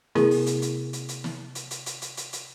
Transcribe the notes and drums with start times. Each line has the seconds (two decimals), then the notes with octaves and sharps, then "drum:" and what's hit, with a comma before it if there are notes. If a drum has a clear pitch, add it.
0.15 C3 A3 B3 E4 G#4 A#4, drum: snare
0.31 drum: open hi-hat
0.46 drum: hi-hat
0.62 drum: hi-hat
0.93 drum: hi-hat
1.09 drum: hi-hat
1.24 drum: snare
1.55 drum: hi-hat
1.71 drum: hi-hat
1.86 drum: hi-hat
2.02 drum: hi-hat
2.17 drum: hi-hat
2.33 drum: hi-hat